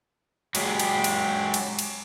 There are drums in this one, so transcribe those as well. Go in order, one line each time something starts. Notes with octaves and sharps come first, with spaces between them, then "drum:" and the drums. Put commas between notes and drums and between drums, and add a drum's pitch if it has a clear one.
F#3 G#3 G4 G#4, drum: cymbal
drum: cymbal
drum: cymbal
drum: cymbal
drum: cymbal